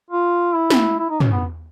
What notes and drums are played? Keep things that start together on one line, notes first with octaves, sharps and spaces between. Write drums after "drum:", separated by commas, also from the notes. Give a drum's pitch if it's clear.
F4
E4
drum: snare
E4
D#4
C#4, drum: tom
B3